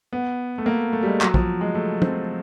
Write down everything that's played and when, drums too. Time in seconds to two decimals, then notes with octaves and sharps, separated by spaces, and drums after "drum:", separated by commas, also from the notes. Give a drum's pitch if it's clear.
0.13 B3
0.58 A3
0.66 A#3
0.93 A3
1.03 G3
1.07 G#3
1.21 F#3, drum: clap
1.34 F3, drum: kick
1.61 G#3
1.75 A3
2.02 C4, drum: tom